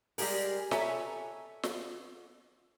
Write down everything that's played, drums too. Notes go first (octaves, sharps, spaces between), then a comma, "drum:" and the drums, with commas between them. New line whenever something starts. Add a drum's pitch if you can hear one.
G3 G#3 G4 G#4 A#4, drum: open hi-hat
A4 B4 C#5 E5 G#5 A#5, drum: snare
drum: snare